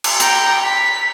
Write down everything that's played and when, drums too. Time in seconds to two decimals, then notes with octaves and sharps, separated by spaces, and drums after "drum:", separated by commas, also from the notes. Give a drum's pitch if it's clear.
0.04 drum: cymbal
0.20 G5 A#5, drum: hi-hat
0.65 B6